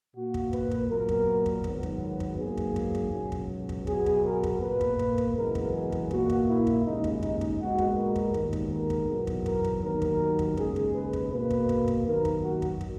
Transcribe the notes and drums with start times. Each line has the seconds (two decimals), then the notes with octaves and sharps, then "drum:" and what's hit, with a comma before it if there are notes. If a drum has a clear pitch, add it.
0.15 A#2 A#3 F#4
0.34 drum: kick
0.53 B4, drum: kick
0.71 drum: kick
0.90 A#2 F#3 B3 A#4
1.09 drum: kick
1.46 drum: kick
1.64 G#2 D#3 F#3 B3, drum: kick
1.83 drum: kick
2.20 drum: kick
2.39 G#2 F#3 A#3 G#4
2.57 drum: kick
2.76 drum: kick
2.95 drum: kick
3.13 C#2 B2 F#3
3.32 drum: kick
3.69 drum: kick
3.87 B2 F#3 B3 G#4, drum: kick
4.06 drum: kick
4.25 A#4
4.43 drum: kick
4.62 A#2 A#3 B4
4.81 drum: kick
4.99 drum: kick
5.18 drum: kick
5.36 F#2 C#3 E3 G#3 B3 A#4
5.55 drum: kick
5.73 G#4
5.92 drum: kick
6.11 A#2 A#3 F#4, drum: kick
6.30 drum: kick
6.49 E4
6.67 drum: kick
6.86 D#2 C#3 G#3 D#4
7.04 drum: kick
7.23 D#4, drum: kick
7.41 drum: kick
7.60 A#2 G#3 B3 F#4
7.78 drum: kick
7.97 A#4
8.16 drum: kick
8.34 D#2 D#3 G#3 B3, drum: kick
8.53 drum: kick
8.71 A#4
8.90 drum: kick
9.08 E2 B2 F#3 B3
9.27 drum: kick
9.46 A#4, drum: kick
9.64 drum: kick
9.83 D#2 D#3 F#3 B3 A#4
10.02 drum: kick
10.39 drum: kick
10.57 D#2 C#3 G#3 G#4, drum: kick
10.76 drum: kick
10.94 B4
11.13 drum: kick
11.32 B2 A#3 B4
11.50 drum: kick
11.69 drum: kick
11.88 drum: kick
12.06 D#2 D#3 F#3 A#4
12.25 drum: kick
12.43 F#4
12.62 drum: kick
12.81 drum: kick